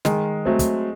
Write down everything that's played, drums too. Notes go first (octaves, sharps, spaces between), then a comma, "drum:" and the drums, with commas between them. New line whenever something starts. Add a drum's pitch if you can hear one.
D#3 G#3, drum: snare
F#3 A3 C4
drum: kick, hi-hat